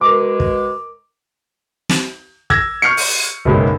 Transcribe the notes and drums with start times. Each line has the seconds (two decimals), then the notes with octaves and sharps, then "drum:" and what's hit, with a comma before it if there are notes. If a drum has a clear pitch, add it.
0.01 B2 G#3 A#4 D6
0.40 drum: kick
1.89 drum: snare
2.50 E6 G#6 A#6, drum: kick
2.82 C#6 F6 G6 C7 C#7
2.97 drum: open hi-hat
3.45 F#1 B1 G#3